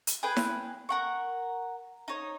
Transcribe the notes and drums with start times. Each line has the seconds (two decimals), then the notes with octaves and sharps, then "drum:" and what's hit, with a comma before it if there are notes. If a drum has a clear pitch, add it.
0.07 drum: hi-hat
0.23 G#4 B4 G5 G#5
0.36 drum: snare E4
0.89 A#4 F#5 C#6
2.08 D#4 C#5